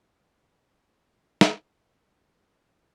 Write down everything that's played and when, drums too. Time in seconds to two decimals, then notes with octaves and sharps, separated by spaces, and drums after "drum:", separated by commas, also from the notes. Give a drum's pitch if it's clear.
0.14 C3 E3 G#3 F#4
1.41 drum: snare